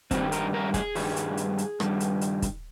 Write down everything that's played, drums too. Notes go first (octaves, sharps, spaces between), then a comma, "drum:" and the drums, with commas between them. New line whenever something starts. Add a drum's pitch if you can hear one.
G2 D#3 G3 C4, drum: kick, hi-hat
A#4, drum: hi-hat
A#4
G#4, drum: kick, hi-hat
G2 D#3 G3, drum: open hi-hat
drum: hi-hat
drum: hi-hat
drum: hi-hat
G2 D#3 G3, drum: rim click
drum: hi-hat
drum: hi-hat
drum: kick, hi-hat